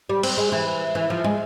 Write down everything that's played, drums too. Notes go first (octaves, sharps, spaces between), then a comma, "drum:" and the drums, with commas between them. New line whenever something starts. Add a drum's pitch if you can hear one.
G3
C4, drum: cymbal
G#3
E3
E3
F3
G#3